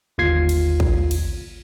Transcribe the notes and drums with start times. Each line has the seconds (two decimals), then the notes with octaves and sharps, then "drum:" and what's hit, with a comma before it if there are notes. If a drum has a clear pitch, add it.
0.18 G1 D#2 F4 G#6 C7
0.49 drum: cymbal
0.80 drum: kick A1
1.11 drum: cymbal